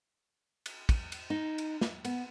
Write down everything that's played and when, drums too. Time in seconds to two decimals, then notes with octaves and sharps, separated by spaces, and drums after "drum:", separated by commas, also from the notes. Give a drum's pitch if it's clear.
0.66 drum: cymbal
0.89 drum: kick, cymbal
1.12 drum: cymbal
1.30 D#4
1.58 drum: cymbal
1.81 drum: snare
2.05 B3, drum: cymbal